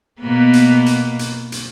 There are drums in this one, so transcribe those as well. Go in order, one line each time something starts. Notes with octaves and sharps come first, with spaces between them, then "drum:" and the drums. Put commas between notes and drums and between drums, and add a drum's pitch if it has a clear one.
B2 A#3 B3
drum: hi-hat
drum: hi-hat
drum: hi-hat
drum: hi-hat